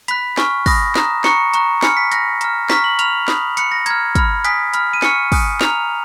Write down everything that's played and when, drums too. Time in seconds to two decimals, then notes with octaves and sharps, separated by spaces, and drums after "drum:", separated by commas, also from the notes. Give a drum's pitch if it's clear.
0.08 B5 F#6 B6, drum: hi-hat
0.38 G#5 C#6 F6, drum: snare
0.66 B5 D#6 F#6 A#6, drum: kick, open hi-hat
0.95 A#5 D#6 F#6, drum: snare
1.24 A#5 C#6 F#6 C#7, drum: snare
1.54 A#5 C#6 F#6, drum: hi-hat
1.82 G#5 B5 F6 C#7, drum: snare
1.97 B6
2.12 B5 F#6 A#6, drum: hi-hat
2.41 A#5 F6, drum: hi-hat
2.70 A#5 C#6 F6 B6, drum: snare
2.84 F#7
2.99 B5 F6 F7, drum: hi-hat
3.28 B5 D#6 F#6, drum: snare
3.57 B5 F#6 C#7, drum: hi-hat
3.72 A#6
3.86 A#5 F6 G#6, drum: hi-hat
4.15 B5 F6, drum: kick, hi-hat
4.44 G#5 D#6 F#6 B6, drum: hi-hat
4.73 B5 F6, drum: hi-hat
4.93 D#7
5.02 G#5 C#6 F6 C#7, drum: snare
5.32 G#5 D#6 F#6, drum: kick, open hi-hat
5.61 A#5 F6 F7, drum: snare